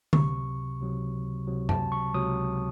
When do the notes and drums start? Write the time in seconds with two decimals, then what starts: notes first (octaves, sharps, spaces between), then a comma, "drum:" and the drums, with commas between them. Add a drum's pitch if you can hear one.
0.13 C#2 C3 F#3 C#6, drum: tom D3
0.80 C#2 C3 F#3
1.47 C#2 C3 F#3
1.69 A5, drum: tom F#2
1.92 C#6
2.14 C#2 C3 F#3 D#6